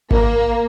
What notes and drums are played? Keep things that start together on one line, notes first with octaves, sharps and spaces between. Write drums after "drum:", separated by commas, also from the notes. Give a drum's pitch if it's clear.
A#3, drum: kick G#1